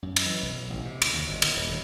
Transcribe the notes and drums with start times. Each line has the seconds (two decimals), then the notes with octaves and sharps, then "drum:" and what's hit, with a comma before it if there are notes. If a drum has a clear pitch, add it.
0.02 F#2
0.16 drum: cymbal
0.26 E3
0.43 B1
0.70 A1
0.85 C3
1.02 D2, drum: cymbal
1.13 D#2
1.29 G1
1.42 A#2, drum: cymbal
1.56 D#1
1.69 D#1